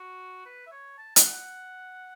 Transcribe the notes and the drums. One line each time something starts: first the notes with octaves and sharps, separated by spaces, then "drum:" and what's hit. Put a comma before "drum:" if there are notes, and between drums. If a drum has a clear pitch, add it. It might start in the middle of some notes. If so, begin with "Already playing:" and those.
Already playing: F#4
B4
E5
C#5
A5
F#5, drum: hi-hat
F#5